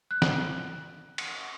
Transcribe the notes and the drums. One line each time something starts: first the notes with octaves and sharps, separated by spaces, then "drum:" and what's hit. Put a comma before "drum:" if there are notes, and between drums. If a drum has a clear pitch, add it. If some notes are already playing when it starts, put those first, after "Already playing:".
F#6
drum: snare
drum: cymbal